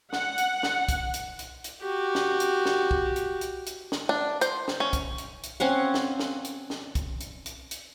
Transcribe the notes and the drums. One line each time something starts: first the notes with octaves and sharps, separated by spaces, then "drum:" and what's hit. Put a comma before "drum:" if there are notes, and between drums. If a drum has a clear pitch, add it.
F#5, drum: snare
drum: hi-hat
drum: snare
drum: kick, hi-hat
drum: hi-hat
drum: hi-hat
drum: hi-hat
F#4 G4
drum: snare
drum: hi-hat
drum: snare
drum: kick
drum: hi-hat
drum: hi-hat
drum: hi-hat
drum: snare
D4
C5, drum: hi-hat
drum: snare
C#4
drum: kick, hi-hat
drum: hi-hat
drum: hi-hat
C4 C#4 F5 F#5
drum: snare
drum: snare
drum: hi-hat
drum: snare
drum: kick, hi-hat
drum: hi-hat
drum: hi-hat
drum: hi-hat